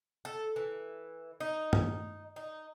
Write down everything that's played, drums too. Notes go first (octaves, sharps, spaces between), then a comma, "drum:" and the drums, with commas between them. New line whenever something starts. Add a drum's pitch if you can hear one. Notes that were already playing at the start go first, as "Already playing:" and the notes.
A4
E3
D#4
drum: tom G2
D#4